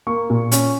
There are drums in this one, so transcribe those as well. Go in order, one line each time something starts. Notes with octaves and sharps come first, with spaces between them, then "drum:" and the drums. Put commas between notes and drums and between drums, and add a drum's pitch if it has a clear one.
A#3 C#6
A#2
C#4, drum: hi-hat